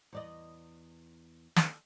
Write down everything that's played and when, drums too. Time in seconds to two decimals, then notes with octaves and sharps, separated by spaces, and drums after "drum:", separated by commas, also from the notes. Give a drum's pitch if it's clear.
0.13 E2 D5 D#5
1.56 drum: snare